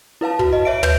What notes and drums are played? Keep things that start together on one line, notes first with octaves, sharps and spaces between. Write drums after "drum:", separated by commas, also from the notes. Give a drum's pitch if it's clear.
E4 B4 F5 A5
F#4, drum: kick
D#5
C#5 E5 D7
B4 G6, drum: tom